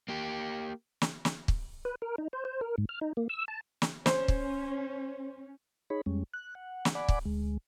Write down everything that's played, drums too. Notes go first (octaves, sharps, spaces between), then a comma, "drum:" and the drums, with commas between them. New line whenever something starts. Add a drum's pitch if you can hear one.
A#3 G4
drum: snare
drum: snare
drum: kick
B4
A#4
D#4
C5
C5
A#4
G#2
F6
D#4
A#3
E6
A5
drum: snare
C#4 C5, drum: snare
drum: kick
D#4 G#4 C#5 B5
F2 G3 G#3 C#4
F#6
F#5
drum: snare
D5 F#5 G#5 B5 D6
drum: kick
D2 G#3